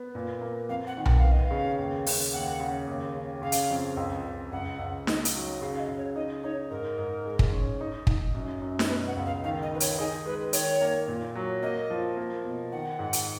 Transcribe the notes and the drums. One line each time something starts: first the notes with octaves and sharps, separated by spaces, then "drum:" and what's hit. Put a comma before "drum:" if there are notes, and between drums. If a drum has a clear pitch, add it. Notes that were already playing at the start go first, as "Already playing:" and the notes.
Already playing: B3
A#2
A#3
F2 F5
F#5
D#3
F#5, drum: tom B1
F5
B3
D#5
F5
C#3
D#2
C#3, drum: open hi-hat
D#2 F#5
C#3
D#2
C#3
C#3 F5
drum: hi-hat
F2
C#2
C#2
C#2 F#5
C#2
D#4, drum: snare
drum: hi-hat
F#3
C#3 F5
F5
D#5
C#3
C#5
D#4 D#5
D#4 C#5
G#2 A#4
G#2
G#3
drum: kick
C#4
D#4
D#4, drum: kick
F#2
F#2
drum: snare
B2 B4
F#5
C#2
F5
D#3 F5
D#5
D#3 B4
C#5, drum: hi-hat
D#4 G#4
G#3 B4
D#3 C#5, drum: hi-hat
A#3
A#2
F#3
A#3 D#5
F3
A#3
B2
D#3 F#5
G#2
drum: hi-hat